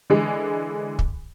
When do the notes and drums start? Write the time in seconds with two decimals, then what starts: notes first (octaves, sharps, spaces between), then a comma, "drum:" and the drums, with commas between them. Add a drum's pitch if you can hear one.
0.10 D3 E3 G#3
0.99 drum: kick